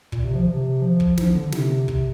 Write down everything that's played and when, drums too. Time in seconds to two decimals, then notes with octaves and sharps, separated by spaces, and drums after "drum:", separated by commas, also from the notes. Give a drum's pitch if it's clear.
0.12 A#2, drum: kick
0.24 C3
0.35 F3
0.48 C3
0.82 F3
1.00 drum: kick
1.18 F3, drum: snare
1.35 D3
1.52 C3, drum: snare
1.88 C3, drum: kick